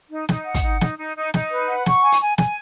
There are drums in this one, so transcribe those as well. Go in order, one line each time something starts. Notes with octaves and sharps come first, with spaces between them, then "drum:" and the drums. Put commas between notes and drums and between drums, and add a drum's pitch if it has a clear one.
D#4
D#4, drum: snare
F#5
drum: kick, hi-hat
D#4
D#4, drum: snare
D#4
D#4
D#4, drum: snare
B4
F#5
C#6, drum: snare
G#5
drum: hi-hat
G#5
G#5, drum: snare